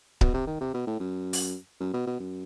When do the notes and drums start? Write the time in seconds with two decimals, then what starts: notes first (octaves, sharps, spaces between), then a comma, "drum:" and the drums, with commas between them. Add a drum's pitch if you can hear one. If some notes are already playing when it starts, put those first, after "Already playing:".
0.21 B2, drum: kick C#1
0.34 C3
0.47 D#3
0.61 C3
0.74 B2
0.87 A2
1.00 F#2
1.33 drum: open hi-hat
1.80 F#2
1.94 B2
2.07 B2
2.20 F#2